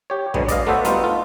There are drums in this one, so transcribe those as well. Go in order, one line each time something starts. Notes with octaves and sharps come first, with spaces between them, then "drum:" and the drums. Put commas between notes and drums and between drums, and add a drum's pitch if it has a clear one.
G4 C#5
B2 D3 F#3 G#3 B3, drum: kick
D5 D#5 F5, drum: kick, hi-hat
A3 B3 F#4 A4 C5 E5
G3 B3 D#4 F4, drum: hi-hat
F4